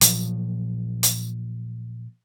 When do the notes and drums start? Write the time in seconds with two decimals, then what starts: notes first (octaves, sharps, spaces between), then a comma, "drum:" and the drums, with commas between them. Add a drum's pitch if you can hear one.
0.01 A#2 F3 F#3, drum: hi-hat
1.03 drum: hi-hat